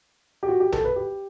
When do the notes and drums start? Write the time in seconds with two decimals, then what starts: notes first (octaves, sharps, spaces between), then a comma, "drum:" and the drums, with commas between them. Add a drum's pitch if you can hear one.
0.43 G4
0.48 F#4
0.60 G4
0.72 A4, drum: tom A#1
0.85 B4
0.96 G4